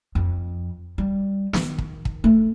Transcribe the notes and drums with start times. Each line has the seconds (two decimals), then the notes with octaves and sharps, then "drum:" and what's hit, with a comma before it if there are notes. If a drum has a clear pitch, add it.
0.15 F2
0.98 G3
1.53 D#3, drum: snare
1.78 drum: kick
2.05 drum: kick
2.24 A3